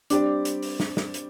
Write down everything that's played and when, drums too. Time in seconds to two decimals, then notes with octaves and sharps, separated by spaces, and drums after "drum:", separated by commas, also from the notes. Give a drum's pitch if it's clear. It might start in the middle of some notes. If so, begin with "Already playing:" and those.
0.10 G3 C4 D4 G4 D5, drum: hi-hat
0.45 drum: hi-hat
0.62 drum: open hi-hat
0.80 drum: snare
0.97 drum: snare
1.14 drum: hi-hat